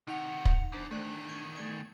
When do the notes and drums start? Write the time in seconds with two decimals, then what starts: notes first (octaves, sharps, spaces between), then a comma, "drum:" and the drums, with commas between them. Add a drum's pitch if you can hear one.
0.07 C3 D#3 D#4 F#5 C#7 F7
0.45 drum: kick
0.72 E2 D4 C5 A5 A#5
0.91 E2 D#3 A3 D5 F#6
1.28 C#6 G6 G#6
1.56 A3 D5 G#6